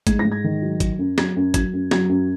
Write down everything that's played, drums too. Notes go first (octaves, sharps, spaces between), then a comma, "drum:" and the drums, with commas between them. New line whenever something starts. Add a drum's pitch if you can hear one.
G#2 G#6, drum: kick, hi-hat
A#6
G#2
G#6
D#3
F#3
F#3, drum: kick, hi-hat
F#2
F#3 G#6, drum: snare
F#2
F#3 G#6, drum: kick, hi-hat
F#2
F#3 G#6, drum: snare
F#2